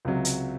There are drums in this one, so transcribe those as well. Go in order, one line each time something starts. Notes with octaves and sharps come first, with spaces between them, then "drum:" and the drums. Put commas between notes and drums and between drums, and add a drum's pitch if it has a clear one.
C#2 C3 F#3
drum: hi-hat